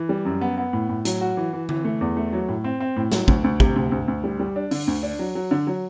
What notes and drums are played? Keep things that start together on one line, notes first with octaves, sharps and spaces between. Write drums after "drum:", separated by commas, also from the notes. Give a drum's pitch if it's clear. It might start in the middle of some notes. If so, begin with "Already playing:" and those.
Already playing: E3
G3
F#2
B3
B3
A2
A2
F#3, drum: hi-hat
F#4
E3
E3
E3, drum: tom D3
A3
E2
A3
F#3
A2
C4
C4
A2
F#3, drum: snare
D2, drum: kick
D2
C3, drum: kick
D2
D2
D2
G3
G3
D4
D3, drum: open hi-hat
D2
D4
F#3
F#3
D3
F#3